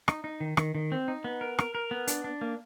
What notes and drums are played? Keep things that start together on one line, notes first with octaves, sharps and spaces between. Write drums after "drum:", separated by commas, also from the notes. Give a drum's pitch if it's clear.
D#4, drum: rim click
D#4
D#3
D#3, drum: rim click
D#3
C4
D#4
B3
A#4
A#4, drum: rim click
A#4
B3
D4, drum: hi-hat
D4
A#3